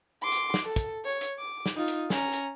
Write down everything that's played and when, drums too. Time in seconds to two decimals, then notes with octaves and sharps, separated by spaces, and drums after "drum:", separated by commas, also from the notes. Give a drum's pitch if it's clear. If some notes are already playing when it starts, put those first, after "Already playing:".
0.22 C6 D6
0.32 drum: hi-hat
0.54 drum: snare
0.65 A4
0.76 drum: kick, hi-hat
1.05 C#5
1.21 drum: hi-hat
1.39 D6
1.66 drum: snare
1.76 D#4 F4
1.88 drum: hi-hat
2.10 C#4 A#5, drum: snare
2.33 drum: hi-hat